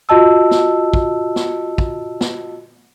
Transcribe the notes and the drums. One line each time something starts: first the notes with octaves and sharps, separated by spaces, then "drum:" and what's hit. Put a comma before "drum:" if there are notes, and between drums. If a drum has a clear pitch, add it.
F4 F#4 D#5 A5 E6
drum: snare
drum: kick
drum: snare
drum: kick
drum: snare